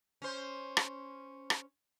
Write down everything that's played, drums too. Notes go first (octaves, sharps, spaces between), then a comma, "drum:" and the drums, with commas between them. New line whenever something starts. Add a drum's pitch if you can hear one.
C#4 C5
drum: rim click
drum: rim click